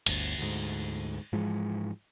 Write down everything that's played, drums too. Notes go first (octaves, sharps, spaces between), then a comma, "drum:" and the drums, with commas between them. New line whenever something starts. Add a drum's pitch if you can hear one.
G1 D2, drum: cymbal
D2 G#2
G#2 E3 F3 G#3